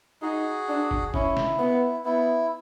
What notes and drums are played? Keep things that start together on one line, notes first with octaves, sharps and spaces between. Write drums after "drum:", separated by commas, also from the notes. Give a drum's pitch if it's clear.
D#4 F#4 G#4
D4
drum: kick
C#4 E4, drum: kick
drum: snare
B3
B3 E4